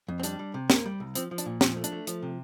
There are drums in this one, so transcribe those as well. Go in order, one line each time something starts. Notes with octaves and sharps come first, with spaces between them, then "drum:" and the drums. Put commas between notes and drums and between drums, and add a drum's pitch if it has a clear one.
F2
C4
G3 D4, drum: hi-hat
G3
C3
A#3, drum: snare
G3
C2
F3 C4, drum: hi-hat
F3
D4, drum: hi-hat
A#2
F3 C4, drum: snare
A3
D4, drum: hi-hat
A3
F3, drum: hi-hat
C3